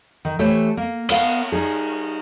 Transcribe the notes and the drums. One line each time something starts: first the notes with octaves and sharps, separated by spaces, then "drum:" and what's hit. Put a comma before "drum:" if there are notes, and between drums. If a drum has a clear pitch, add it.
D#3
E3 A3 G4 C5 C#5
A#3
B3 A#4 F5, drum: cymbal
G3 D#4 G#4